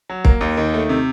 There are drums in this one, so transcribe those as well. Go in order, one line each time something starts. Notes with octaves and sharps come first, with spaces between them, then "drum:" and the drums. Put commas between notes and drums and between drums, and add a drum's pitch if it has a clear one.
F#3
A#3, drum: kick
D#2
D#3
A3
C3